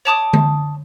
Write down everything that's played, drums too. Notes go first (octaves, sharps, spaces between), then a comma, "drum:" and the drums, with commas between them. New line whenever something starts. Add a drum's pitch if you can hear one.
C#5 A5 D6 D#6
drum: tom D3